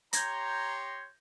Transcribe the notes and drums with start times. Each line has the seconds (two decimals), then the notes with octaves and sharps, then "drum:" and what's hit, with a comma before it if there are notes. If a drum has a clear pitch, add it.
0.13 G4 C#5 A#5 C6 G6 G#6 A#6, drum: hi-hat